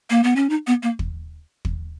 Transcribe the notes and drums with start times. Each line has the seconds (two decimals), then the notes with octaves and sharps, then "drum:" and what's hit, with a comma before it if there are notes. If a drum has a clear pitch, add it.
0.10 A#3
0.24 B3
0.36 C#4
0.50 D#4
0.67 B3
0.83 A#3
0.99 drum: kick
1.65 drum: kick